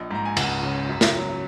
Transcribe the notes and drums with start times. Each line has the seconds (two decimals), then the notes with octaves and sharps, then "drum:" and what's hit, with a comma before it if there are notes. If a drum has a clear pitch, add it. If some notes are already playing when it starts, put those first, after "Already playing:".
Already playing: A#1 D#5
0.11 G#2 A#5
0.25 G#5
0.37 C#2 F#5, drum: cymbal
0.63 C#3
0.89 F#2
1.01 drum: snare
1.15 F#3